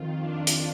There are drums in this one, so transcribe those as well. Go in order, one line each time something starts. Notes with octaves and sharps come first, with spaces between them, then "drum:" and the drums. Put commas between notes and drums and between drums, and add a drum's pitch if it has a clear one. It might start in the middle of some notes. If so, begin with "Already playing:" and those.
Already playing: F2 D#3 F4
D4
drum: hi-hat